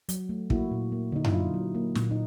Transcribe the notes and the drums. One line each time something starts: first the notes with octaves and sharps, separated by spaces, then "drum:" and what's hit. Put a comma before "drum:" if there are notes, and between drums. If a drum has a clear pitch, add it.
F#3, drum: hi-hat
A3
A#3 E4 F#4, drum: kick
A#2
A#3
D3 D#4
E4, drum: tom F#2
F#3 D#4 F4
F#3
A#3
A#2, drum: snare
D#4